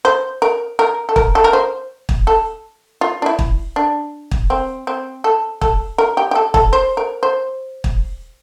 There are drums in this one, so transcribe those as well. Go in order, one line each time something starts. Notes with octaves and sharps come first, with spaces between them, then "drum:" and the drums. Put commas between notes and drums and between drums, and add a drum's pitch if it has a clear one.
C5
A#4
A#4
A4
A#4, drum: kick
A4
A#4
C5
drum: kick
A4
F4
D4
E4
drum: kick
D4
drum: kick
C4
C4
A4
A4, drum: kick
A#4
G4
G4
A4
A4, drum: kick
C5
A#4
C5
drum: kick